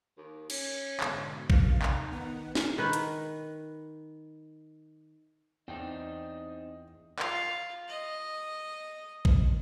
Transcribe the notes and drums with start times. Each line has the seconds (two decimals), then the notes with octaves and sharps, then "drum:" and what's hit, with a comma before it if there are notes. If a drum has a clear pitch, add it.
0.18 D#2
0.50 C#4, drum: cymbal
1.00 G#2 B2 D3, drum: clap
1.50 D#2 C3 F5 A6, drum: kick A#1
1.82 D#4, drum: clap
2.11 D#3 B3 F#5
2.55 drum: snare
2.78 D#3 B4
2.93 drum: hi-hat
5.68 E2 C4 D4 D#4 D#5 G5
7.19 F4, drum: clap
7.88 D#5
9.25 drum: kick A#1